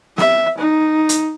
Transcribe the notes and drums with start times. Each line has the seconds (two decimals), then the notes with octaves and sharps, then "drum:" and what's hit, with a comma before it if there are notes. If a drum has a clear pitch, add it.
0.18 E5, drum: snare
0.58 D#4
1.09 drum: hi-hat